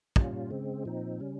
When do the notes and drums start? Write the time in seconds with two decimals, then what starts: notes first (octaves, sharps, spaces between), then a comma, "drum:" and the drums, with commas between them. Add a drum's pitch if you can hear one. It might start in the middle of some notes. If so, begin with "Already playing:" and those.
0.16 A#2 G3 C#4 F4, drum: kick
0.51 C#3 G#3 C4
0.85 A#2 F3 C4 D#4
1.20 C#3 G3 C#4